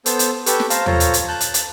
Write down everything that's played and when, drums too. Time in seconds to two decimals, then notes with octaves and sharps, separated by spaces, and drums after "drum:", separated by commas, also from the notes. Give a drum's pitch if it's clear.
0.06 B3 A4 C5 E6 G6, drum: hi-hat
0.19 drum: hi-hat
0.46 G4 A4 B4 C#6 E6 G6, drum: hi-hat
0.60 drum: snare
0.70 C5 F5 A5 A#5, drum: hi-hat
0.86 F4 A4 C5 C#5 A#5, drum: tom
1.00 drum: hi-hat
1.14 drum: hi-hat
1.28 A5 F#6 G6
1.41 drum: hi-hat
1.54 drum: hi-hat